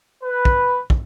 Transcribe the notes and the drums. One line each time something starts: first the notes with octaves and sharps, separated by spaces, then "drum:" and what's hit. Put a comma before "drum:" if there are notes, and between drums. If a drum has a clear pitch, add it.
B4
drum: kick
drum: kick